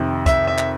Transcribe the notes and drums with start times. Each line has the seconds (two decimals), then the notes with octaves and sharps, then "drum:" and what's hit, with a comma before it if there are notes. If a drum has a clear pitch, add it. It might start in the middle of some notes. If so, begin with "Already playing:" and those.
Already playing: F2 C3 D#3
0.26 E5, drum: kick, hi-hat
0.47 E5
0.58 drum: clap